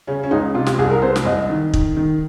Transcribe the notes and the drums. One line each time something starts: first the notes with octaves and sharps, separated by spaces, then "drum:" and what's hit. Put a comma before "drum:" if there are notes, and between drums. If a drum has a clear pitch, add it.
C#3 C#4
C#4
C#2 D#4
C3 F4
G4, drum: snare
C2 G#4
A#4
C3 C5
drum: snare
C2 D#5
D#3
D#3, drum: kick
D#3